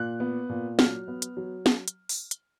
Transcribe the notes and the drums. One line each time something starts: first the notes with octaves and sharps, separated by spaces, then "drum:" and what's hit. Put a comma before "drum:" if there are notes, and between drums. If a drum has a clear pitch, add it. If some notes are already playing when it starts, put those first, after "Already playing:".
Already playing: A#2 F#6
B3
A#2
F#3 F6, drum: snare
B3
drum: hi-hat
F#3
drum: snare
drum: hi-hat
drum: open hi-hat
drum: hi-hat